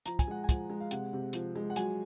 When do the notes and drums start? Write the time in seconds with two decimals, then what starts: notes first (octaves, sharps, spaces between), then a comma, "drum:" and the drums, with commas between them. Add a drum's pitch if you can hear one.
0.06 F3 A#5, drum: hi-hat
0.19 G#5, drum: kick, hi-hat
0.28 G#3 F#5
0.44 G#5
0.49 F3, drum: kick, hi-hat
0.70 G#3
0.80 F5
0.91 C3 F#5, drum: hi-hat
1.13 C3
1.33 F3, drum: hi-hat
1.56 G#3
1.70 F#5
1.76 F#3 G#5, drum: hi-hat